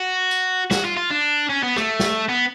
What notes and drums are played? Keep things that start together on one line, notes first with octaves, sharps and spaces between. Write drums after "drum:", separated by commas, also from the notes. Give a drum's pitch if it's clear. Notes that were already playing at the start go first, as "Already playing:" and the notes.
Already playing: F#4
drum: tambourine
F#4, drum: snare
F4
F4
D4
C#4
B3
A3, drum: rim click
drum: snare
B3